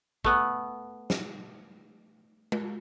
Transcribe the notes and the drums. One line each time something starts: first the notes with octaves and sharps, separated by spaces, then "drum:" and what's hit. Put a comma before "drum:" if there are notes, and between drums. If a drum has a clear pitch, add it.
A3 B3, drum: kick
drum: snare
drum: tom G#3